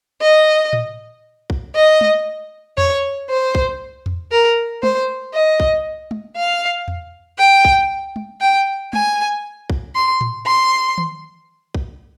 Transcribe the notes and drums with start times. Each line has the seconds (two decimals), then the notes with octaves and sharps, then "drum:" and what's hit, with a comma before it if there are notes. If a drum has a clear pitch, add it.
0.21 D#5
0.73 drum: tom A2
1.50 drum: kick
1.76 D#5
2.01 drum: tom
2.78 C#5, drum: tom E2
3.30 C5
3.55 drum: kick
4.06 drum: tom E2
4.32 A#4
4.83 C5, drum: tom
5.34 D#5
5.60 drum: kick
6.11 drum: tom
6.37 F5
6.88 drum: tom E2
7.39 G5
7.65 drum: kick
8.16 drum: tom
8.41 G5
8.93 G#5, drum: tom
9.70 drum: kick
9.96 C6
10.21 drum: tom A2
10.46 C6
10.98 drum: tom D#3
11.75 drum: kick